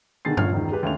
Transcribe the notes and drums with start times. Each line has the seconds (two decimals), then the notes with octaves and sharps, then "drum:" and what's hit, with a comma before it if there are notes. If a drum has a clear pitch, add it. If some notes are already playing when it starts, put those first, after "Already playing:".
0.25 B2 D3 D#3 G#4 A6 C7
0.37 G1 A#2 D3 C#4 C#5 F6, drum: tom G2
0.52 E1 C#2 D#3
0.71 G#3 G4 B4
0.83 D#2 D3 A3 C#4 F7